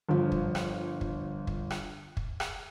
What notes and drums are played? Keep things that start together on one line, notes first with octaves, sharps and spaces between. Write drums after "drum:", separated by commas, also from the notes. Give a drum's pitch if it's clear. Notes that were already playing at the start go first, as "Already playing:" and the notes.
G1 F3
drum: kick
drum: rim click
drum: kick
drum: kick
drum: rim click
drum: kick
drum: rim click